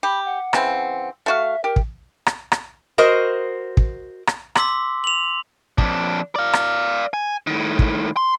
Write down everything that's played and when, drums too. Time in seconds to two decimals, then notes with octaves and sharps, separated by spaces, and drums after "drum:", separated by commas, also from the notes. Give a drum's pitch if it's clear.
0.03 G4 B5
0.25 F#5
0.53 C#3 E3 C4, drum: rim click
1.26 A3 F#4 E5 F5
1.64 G4 A#4
1.76 drum: kick
2.26 drum: rim click
2.52 drum: rim click
2.98 F#4 A#4 C5 D#5
3.77 drum: kick
4.27 drum: rim click
4.55 C6 D6 E6 B6, drum: rim click
5.04 F7 F#7
5.78 F2 D4, drum: kick
6.36 D5 F5
6.53 drum: rim click
7.14 G#5
7.47 A2 D#3
7.79 drum: kick
8.17 C6